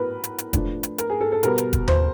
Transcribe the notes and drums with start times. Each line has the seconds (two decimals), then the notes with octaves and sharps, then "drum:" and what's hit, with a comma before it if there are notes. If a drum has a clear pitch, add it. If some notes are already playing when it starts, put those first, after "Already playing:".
Already playing: A2 F#3 B3 A#4 B4
0.24 drum: hi-hat
0.38 drum: hi-hat
0.53 F3 A3 D4, drum: kick F1, hi-hat
0.83 drum: hi-hat
0.98 A#4, drum: hi-hat
1.10 G#4
1.21 A4
1.32 A4
1.43 B2 G3 B3 A#4, drum: hi-hat
1.58 drum: hi-hat
1.73 drum: kick F1, hi-hat
1.88 C5, drum: tom D#2